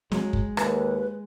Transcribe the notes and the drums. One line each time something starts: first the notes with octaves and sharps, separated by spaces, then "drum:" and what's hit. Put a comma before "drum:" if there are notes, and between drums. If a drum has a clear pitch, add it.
F#3 G#3, drum: snare
drum: kick
D#2 B4, drum: rim click